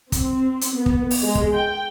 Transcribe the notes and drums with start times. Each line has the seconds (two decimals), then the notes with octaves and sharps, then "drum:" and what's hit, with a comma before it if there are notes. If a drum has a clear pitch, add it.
0.12 C4, drum: kick, hi-hat
0.61 drum: hi-hat
0.75 B3
0.86 drum: kick
1.11 drum: open hi-hat
1.22 G#3
1.35 drum: kick
1.53 G5